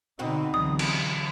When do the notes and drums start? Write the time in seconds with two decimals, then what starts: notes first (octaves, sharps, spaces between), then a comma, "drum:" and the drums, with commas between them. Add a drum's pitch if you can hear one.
0.19 B2 D3 C4 D#4 F#4
0.54 C#2 D3 E3 F#3 D#6
0.79 drum: cymbal